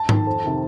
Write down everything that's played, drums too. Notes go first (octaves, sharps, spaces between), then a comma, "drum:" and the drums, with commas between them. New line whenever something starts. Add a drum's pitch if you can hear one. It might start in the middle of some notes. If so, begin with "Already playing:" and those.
Already playing: A5
D#3, drum: tom G#2
F2
C3 D#3